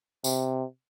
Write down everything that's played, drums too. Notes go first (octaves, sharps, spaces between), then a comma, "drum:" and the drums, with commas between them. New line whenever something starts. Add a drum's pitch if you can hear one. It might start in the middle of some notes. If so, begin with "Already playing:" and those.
C3, drum: tambourine